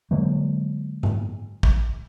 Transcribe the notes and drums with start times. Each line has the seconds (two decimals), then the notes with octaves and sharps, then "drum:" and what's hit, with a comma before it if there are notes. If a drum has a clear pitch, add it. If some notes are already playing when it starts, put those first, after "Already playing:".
0.11 D3 F#3 G#3 A#3
1.03 drum: tom G#2
1.63 drum: kick